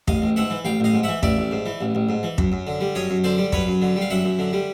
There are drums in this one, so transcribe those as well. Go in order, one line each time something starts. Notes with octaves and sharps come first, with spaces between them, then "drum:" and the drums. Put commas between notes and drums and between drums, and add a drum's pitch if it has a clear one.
A1 D#5 F5, drum: kick
A1
G#2 E5 F#5
E3
A1 F5 G5
A1 D#5 F5
G#2
E3 E5 F#5
A1 D5 E5, drum: kick
A1
G#2
E3
A1
A1
G#2
E3
F#2, drum: kick
F#2
D3
G3
F#2 C#5 D#5
F#2
D3 C5 D5
G3
F#2 B4 C#5, drum: kick
F#2
D3
G3
F5
F#2 E5 F#5
F#2
D3
G3